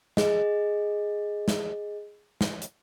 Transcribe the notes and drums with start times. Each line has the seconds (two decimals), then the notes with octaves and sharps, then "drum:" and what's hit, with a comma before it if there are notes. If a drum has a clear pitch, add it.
0.17 G#4 D#5, drum: snare
1.48 drum: snare
2.41 drum: snare
2.62 drum: hi-hat